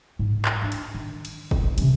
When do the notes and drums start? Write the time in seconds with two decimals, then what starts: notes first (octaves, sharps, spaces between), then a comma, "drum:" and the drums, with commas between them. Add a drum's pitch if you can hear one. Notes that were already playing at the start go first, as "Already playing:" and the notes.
0.19 G#2
0.45 drum: clap
0.62 D4
0.72 drum: cymbal
0.94 D#3
1.25 drum: cymbal
1.51 drum: kick
1.63 B1
1.78 C3 C#4, drum: cymbal